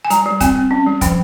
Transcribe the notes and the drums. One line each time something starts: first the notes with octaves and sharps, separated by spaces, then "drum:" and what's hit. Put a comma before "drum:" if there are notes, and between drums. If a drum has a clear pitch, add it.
G#5
G3 A#5, drum: hi-hat
G3
C4 G#5, drum: kick, hi-hat
C4
C#4
G3
F3 G5, drum: kick, hi-hat